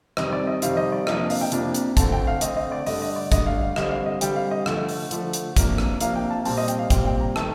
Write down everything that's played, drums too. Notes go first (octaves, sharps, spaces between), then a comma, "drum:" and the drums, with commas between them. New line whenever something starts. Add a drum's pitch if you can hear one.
F2 C3 D#3 G3 C4 D#5, drum: rim click
D5
D#5
F2 C3 D#3 G3 C4 F5, drum: hi-hat
D#5
D5
F2 C3 F3 A#3 D4 D#5, drum: rim click
D#5
F5, drum: open hi-hat
G5
F2 C3 F3 A#3 D4, drum: hi-hat
drum: hi-hat
D3 A3 C4 A5, drum: kick, hi-hat
G5
F5
D3 A3 C4 D#5, drum: hi-hat
D#5
D5
G2 D3 A3 D4 D#5, drum: open hi-hat
D#5
D5
G2 D3 A3 D4 D#5, drum: kick, hi-hat
F5
F5
D3 G3 C4 D#5, drum: rim click
F5
D#5
D3 G3 C4 G5, drum: hi-hat
F5
D#5
D3 F3 A3, drum: rim click
drum: open hi-hat
D3 F3 A3, drum: hi-hat
drum: hi-hat
C3 F3 A#3 D4, drum: kick, hi-hat
drum: rim click
C3 F3 A#3 D4 F5, drum: hi-hat
G5
A5
A#2 G3 C4 A5, drum: open hi-hat
D#5
G5, drum: hi-hat
F5
A#2 G3 C4 G5, drum: kick, hi-hat
G5
A#5
D#3 A3 A5, drum: rim click